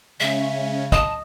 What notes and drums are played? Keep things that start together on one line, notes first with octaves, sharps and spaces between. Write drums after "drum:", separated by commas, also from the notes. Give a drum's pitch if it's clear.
C#3 G#3 C#4 E5
D#5 A5, drum: kick